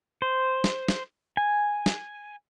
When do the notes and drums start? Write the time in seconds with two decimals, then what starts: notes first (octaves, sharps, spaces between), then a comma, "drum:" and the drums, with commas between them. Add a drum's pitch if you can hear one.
0.22 C5
0.64 drum: snare
0.88 drum: snare
1.37 G#5
1.86 drum: snare